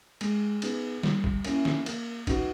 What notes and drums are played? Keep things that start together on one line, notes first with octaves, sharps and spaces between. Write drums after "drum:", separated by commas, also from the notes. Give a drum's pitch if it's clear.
G#3, drum: cymbal
B3 D#4 G#4, drum: cymbal
G3, drum: snare
drum: kick
A#3 C#4 E4, drum: cymbal
drum: snare
A#3, drum: cymbal
D#4 F#4 B4, drum: kick, cymbal